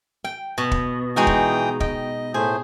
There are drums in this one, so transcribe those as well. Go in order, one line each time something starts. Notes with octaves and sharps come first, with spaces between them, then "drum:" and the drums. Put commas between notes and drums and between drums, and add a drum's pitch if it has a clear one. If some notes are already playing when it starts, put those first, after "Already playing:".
G5
B2
drum: kick
E3 G#3 D#4 F#4 G5 D#6
drum: kick
D#5 G5, drum: kick
A2 A3 G#4 C5